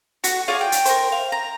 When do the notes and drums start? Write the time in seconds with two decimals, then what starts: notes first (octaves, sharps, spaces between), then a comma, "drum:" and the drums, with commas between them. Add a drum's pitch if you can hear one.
0.24 F#4, drum: hi-hat
0.48 F4 G#4 C#5 D5
0.61 G5
0.72 drum: hi-hat
0.85 A#4 C5, drum: hi-hat
1.12 F5
1.32 A#5